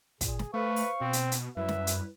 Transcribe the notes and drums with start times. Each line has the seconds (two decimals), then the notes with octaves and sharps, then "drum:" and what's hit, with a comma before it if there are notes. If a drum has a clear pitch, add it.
0.21 A#2 G#4, drum: kick, hi-hat
0.39 drum: snare
0.54 A3 B4 C5 F5 C#6
0.76 drum: open hi-hat
1.01 B2 C4
1.13 drum: hi-hat
1.32 drum: hi-hat
1.57 F#2 G3 E4 B4 E5
1.69 drum: snare
1.87 drum: hi-hat